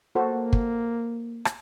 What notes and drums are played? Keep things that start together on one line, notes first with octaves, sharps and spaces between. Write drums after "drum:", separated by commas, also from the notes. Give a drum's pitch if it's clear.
A#3 F#4 A4 C5
drum: kick
drum: rim click